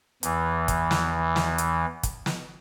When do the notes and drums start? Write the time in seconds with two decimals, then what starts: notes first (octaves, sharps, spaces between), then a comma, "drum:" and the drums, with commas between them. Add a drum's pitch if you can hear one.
0.23 E2 E3, drum: hi-hat
0.68 drum: kick, hi-hat
0.91 drum: snare
1.36 drum: snare
1.58 drum: hi-hat
2.03 drum: kick, hi-hat
2.26 drum: snare